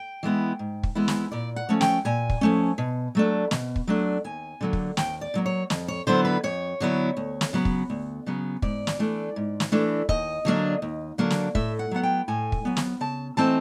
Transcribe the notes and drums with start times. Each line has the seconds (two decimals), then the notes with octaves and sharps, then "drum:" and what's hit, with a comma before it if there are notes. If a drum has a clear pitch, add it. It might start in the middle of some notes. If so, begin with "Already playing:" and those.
Already playing: G5
0.23 E3 G#3 B3 E4
0.59 G#2
0.83 drum: kick
0.95 E3 G#3 B3 E4
1.08 drum: snare
1.32 A#2 D5
1.56 F#5
1.69 F3 A3 C#4
1.81 G5, drum: snare
2.05 A#2 G#5
2.30 drum: kick
2.41 F3 A3 C#4
2.78 B2
3.15 F#3 A3 D4
3.51 B2, drum: snare
3.76 drum: kick
3.88 F#3 A3 D4
4.24 D#2 G#5
4.61 D3 F#3 A#3
4.73 drum: kick
4.97 D#2 G5, drum: snare
5.21 D5
5.34 D3 F#3 A#3
5.46 C#5
5.70 F2, drum: snare
5.88 C#5
6.07 D3 F#3 B3 E4 C5
6.25 B4
6.43 F2 C#5
6.80 D3 F#3 B3 E4
7.17 D2
7.41 drum: snare
7.53 C#3 F#3 B3
7.65 drum: kick
7.90 D2
8.26 C#3 F#3 B3
8.62 G#2 D5, drum: kick
8.87 drum: snare
8.99 E3 A3 D4
9.36 G#2
9.60 drum: snare
9.72 E3 A3 D4
10.09 D#2 D#5, drum: kick
10.45 D3 F#3 A#3 D4
10.82 D#2
11.18 D3 F#3 A#3 D4
11.30 drum: snare
11.55 A2 E5, drum: kick
11.79 F#5
11.91 F#3 B3 F#5
12.03 G5
12.28 A2 G#5
12.52 drum: kick
12.65 F#3 B3
12.77 drum: snare
13.01 C#3 A5
13.37 E3 A3 C4 D#4 A5